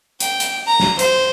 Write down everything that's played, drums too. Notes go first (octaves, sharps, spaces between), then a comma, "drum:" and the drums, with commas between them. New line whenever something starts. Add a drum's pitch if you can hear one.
G5, drum: hi-hat
drum: hi-hat
A#5
drum: snare
C5, drum: hi-hat